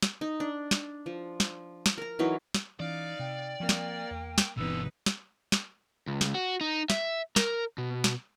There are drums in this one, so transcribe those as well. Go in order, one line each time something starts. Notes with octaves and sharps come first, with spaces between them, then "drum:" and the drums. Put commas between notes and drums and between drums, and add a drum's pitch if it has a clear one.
drum: snare
D#4
D4
drum: snare
F3
drum: snare
drum: snare
A#4 A#5
E3 F#3 D#4
drum: snare
E3 C#4 D#4 D5 F5
C3 G5
F3 A#3 C4
drum: snare
E2
drum: snare
G1 E2 B2 C4 D#4 B4 E6
drum: snare
drum: snare
C#2
drum: snare
F#4
D#4
E5, drum: snare
A#4, drum: snare
B2
drum: snare